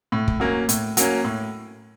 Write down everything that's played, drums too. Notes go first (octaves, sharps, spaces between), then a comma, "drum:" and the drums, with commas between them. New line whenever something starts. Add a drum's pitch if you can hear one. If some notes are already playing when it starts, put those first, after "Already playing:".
A2
drum: kick
F#3 A#3 C#4
A2, drum: hi-hat
F#3 A#3 C#4, drum: hi-hat
A2